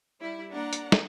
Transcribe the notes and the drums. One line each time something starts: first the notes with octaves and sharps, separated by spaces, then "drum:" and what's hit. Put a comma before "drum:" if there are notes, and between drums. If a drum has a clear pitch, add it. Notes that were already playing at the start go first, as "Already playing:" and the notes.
G3 E4
A#3 D4 F#5 A#5
drum: hi-hat
drum: snare